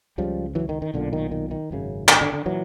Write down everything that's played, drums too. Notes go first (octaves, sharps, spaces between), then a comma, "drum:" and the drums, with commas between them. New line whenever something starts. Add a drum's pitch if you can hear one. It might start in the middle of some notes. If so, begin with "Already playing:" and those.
C#2 C#3 F3 G3
E3 F#3
D#3
D#3
B1 A#2 D3
D#3
D#3
D#3
G#1 F#2 C#3
D3, drum: clap
D3
D3
A#2 E3 F#3